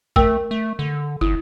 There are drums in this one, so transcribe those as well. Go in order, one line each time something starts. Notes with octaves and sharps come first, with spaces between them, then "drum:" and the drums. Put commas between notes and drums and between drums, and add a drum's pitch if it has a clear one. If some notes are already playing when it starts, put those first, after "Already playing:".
A3 A#4 G5 E6, drum: kick G#1
A3
D3
G1 E4